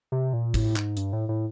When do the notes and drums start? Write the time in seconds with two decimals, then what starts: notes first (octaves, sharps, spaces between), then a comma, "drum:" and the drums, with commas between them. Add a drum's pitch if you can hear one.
0.12 C3
0.33 A#2
0.54 A2, drum: kick, hi-hat
0.76 G#2, drum: clap
0.97 G2, drum: hi-hat
1.13 A2
1.29 A2